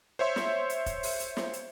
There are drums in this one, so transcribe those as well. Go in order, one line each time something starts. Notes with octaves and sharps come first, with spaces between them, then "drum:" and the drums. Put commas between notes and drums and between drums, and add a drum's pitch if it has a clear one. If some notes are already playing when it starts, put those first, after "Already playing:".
C5 C#5 E5 C6
drum: snare
drum: hi-hat
drum: kick F1, hi-hat
drum: open hi-hat
drum: hi-hat
drum: snare
drum: hi-hat